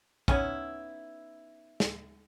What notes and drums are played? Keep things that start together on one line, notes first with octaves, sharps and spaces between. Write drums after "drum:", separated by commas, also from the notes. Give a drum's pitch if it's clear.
B3 C#4 D#4 E4 C#5, drum: kick
drum: snare